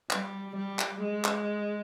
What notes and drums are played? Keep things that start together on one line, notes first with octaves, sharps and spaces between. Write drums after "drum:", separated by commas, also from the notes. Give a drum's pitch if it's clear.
G3, drum: clap
G3
drum: clap
G#3
drum: clap